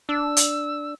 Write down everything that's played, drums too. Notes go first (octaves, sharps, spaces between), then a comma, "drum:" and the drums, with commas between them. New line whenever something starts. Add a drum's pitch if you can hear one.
D4 E6
drum: hi-hat